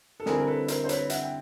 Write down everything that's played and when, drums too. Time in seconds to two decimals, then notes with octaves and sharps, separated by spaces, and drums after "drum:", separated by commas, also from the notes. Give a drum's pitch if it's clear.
0.20 A4
0.26 D3 G3 C4 E4 G#4 A#4, drum: snare
0.40 A#4
0.47 A4 B4
0.68 A#4 C5, drum: hi-hat
0.84 C5
0.89 B4 C#5, drum: hi-hat
1.10 E5 F#5, drum: hi-hat
1.22 G5